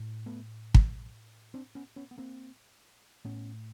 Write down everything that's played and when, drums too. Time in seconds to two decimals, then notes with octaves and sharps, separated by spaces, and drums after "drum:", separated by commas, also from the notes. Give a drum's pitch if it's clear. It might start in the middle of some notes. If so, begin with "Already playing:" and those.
Already playing: A2
0.26 A3 B3
0.75 drum: kick
1.54 C4 D4
1.75 B3 C#4
1.96 B3 C#4
2.11 B3
2.18 A#3 C4
3.25 A2 B3 C#4